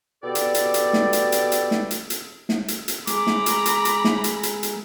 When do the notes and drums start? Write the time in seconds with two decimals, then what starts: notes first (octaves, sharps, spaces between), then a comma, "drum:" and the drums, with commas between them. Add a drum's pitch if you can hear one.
0.24 B2 G4 A4 D5
0.35 drum: hi-hat
0.54 drum: hi-hat
0.74 drum: hi-hat
0.93 drum: snare
1.13 drum: hi-hat
1.32 drum: hi-hat
1.52 drum: hi-hat
1.71 drum: snare
1.91 drum: hi-hat
2.10 drum: hi-hat
2.49 drum: snare
2.68 drum: hi-hat
2.88 drum: hi-hat
3.07 G#3 A#5 B5 D6, drum: hi-hat
3.27 drum: snare
3.46 drum: hi-hat
3.66 drum: hi-hat
3.85 drum: hi-hat
4.04 drum: snare
4.24 drum: hi-hat
4.43 drum: hi-hat
4.63 drum: hi-hat